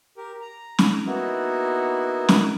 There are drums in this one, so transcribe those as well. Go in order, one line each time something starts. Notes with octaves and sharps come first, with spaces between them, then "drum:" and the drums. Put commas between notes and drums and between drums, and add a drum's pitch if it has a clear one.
G4 A#4
A#5
drum: snare
A#3 B3 D#4 E4 F#4
drum: snare